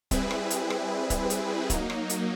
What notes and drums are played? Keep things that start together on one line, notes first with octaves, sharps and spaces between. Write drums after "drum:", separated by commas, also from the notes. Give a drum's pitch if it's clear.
G3 C4 E4 G#4 B4, drum: kick C#1, hi-hat
drum: rim click
drum: hi-hat
drum: rim click
drum: kick C#1, hi-hat
drum: hi-hat
F#3 A#3 D#4, drum: kick C#1, hi-hat
drum: rim click
drum: hi-hat